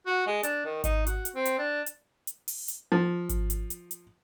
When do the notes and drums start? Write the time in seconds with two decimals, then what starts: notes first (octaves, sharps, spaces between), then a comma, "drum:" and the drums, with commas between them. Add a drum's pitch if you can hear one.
0.06 F#4
0.27 G#3
0.43 D4, drum: hi-hat
0.65 D#3
0.84 D#4, drum: kick G#1, hi-hat
1.07 F#4, drum: hi-hat
1.25 drum: hi-hat
1.35 C4
1.45 drum: hi-hat
1.59 D4
1.86 drum: hi-hat
2.27 drum: hi-hat
2.48 drum: open hi-hat
2.68 drum: hi-hat
2.92 F3
3.29 drum: kick G#1, hi-hat
3.50 drum: hi-hat
3.70 drum: hi-hat
3.91 drum: hi-hat